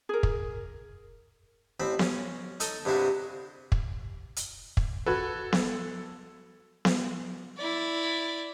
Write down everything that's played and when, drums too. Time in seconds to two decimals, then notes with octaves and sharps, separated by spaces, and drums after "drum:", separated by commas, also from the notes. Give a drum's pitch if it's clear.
0.09 G#4 A#4
0.23 drum: kick
1.80 A1 C4 B5
1.99 C#4, drum: snare B3
2.60 D#4 A4 C#6, drum: hi-hat
2.85 G2 C3 G#3 E4 F#4
3.72 drum: kick
4.36 drum: hi-hat
4.77 drum: kick
5.06 F#4 A4 B4 G#6
5.52 drum: snare B3
6.85 drum: snare B3
7.58 E4 D5